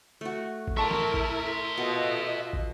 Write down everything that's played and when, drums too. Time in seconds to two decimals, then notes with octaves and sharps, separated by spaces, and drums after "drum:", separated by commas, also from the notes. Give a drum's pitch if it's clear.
0.21 A3 F#4
0.67 drum: kick
0.77 E4 A4 A#4 E5 A5 C6 C#6
0.91 drum: snare
1.14 drum: kick
1.77 B2 F4 A4 D#5
2.53 drum: kick